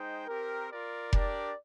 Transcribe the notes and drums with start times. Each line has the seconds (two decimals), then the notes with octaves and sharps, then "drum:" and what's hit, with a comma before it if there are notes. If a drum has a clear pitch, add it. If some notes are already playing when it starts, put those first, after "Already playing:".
Already playing: G#3 D#4 C5 G5
0.27 C4 G4 A#4
0.70 F4 A#4 D5
1.13 D4 G4 A#4 D5, drum: kick F1